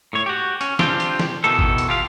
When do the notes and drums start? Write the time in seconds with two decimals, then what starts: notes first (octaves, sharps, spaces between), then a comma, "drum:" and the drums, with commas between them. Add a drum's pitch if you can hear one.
0.13 A2 C#5
0.26 F#4 G4
0.61 C#4, drum: hi-hat
0.79 C4 D4 F4 G4, drum: snare
1.00 drum: hi-hat
1.20 drum: snare
1.44 B2 D#3 E3 B3 A4
1.59 drum: kick
1.78 drum: hi-hat
1.89 F4 G4 F5